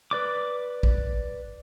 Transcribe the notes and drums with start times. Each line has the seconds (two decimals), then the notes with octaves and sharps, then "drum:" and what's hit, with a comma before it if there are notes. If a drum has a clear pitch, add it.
0.11 B4 D5 D6
0.83 drum: kick A1